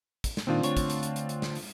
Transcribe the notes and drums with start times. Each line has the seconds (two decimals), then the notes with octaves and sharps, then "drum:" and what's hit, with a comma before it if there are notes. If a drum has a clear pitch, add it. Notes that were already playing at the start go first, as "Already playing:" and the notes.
0.24 drum: kick, hi-hat
0.37 drum: snare
0.47 A#2 D#3 C4 D4 F4
0.63 D2 C#5, drum: hi-hat
0.77 drum: kick, hi-hat
0.90 drum: hi-hat
1.03 drum: hi-hat
1.16 drum: hi-hat
1.29 drum: hi-hat
1.42 drum: snare
1.55 drum: open hi-hat